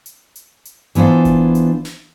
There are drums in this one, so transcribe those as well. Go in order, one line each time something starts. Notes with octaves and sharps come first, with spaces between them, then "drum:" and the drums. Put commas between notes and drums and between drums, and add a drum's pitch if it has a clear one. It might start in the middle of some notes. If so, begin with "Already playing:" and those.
drum: hi-hat
drum: hi-hat
drum: hi-hat
E3 B3 D4 F4 C5, drum: hi-hat
drum: kick F#1, hi-hat
drum: hi-hat
drum: snare